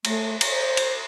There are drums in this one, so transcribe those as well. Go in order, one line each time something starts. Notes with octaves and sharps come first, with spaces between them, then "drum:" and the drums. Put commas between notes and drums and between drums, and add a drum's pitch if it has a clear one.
A3, drum: cymbal
drum: cymbal
C5
drum: cymbal